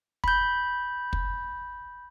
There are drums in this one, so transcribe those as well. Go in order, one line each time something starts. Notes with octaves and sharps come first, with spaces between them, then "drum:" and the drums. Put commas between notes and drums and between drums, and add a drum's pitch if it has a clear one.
B5 G6, drum: kick
drum: kick